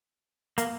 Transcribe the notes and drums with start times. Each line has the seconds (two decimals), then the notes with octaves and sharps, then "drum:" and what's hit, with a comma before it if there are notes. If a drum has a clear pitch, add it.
0.58 A#3, drum: hi-hat